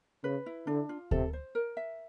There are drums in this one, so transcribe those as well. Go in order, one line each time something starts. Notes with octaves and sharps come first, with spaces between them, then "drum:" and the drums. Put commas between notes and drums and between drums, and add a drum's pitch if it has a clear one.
C#3 B4
E4
D3 D4
F4
C3 A4, drum: kick D2
C5
A#4
E5